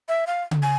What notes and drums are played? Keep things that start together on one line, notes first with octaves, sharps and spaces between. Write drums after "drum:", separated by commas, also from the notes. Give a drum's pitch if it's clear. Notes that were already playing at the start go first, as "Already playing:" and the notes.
E5
F5
drum: tom C#3
G#5